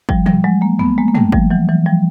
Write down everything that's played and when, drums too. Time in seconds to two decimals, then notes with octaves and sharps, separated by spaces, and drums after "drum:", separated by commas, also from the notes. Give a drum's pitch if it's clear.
0.09 F3 G3, drum: kick G1
0.26 F3 G3, drum: tom
0.44 F#3 G#3
0.61 G#3 A#3
0.79 A3 B3, drum: tom
0.98 G#3 A#3
1.08 A#3
1.15 G3 A3, drum: tom
1.32 F3 G3, drum: kick G1
1.51 E3 F#3
1.69 E3 F#3
1.86 F3 G3